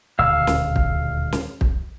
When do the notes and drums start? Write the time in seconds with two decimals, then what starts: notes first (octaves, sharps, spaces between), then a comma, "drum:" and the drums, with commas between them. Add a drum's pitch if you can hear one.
0.19 D#1 D2 B2 F5 E6
0.47 drum: snare
0.76 drum: kick
1.32 drum: snare
1.61 drum: kick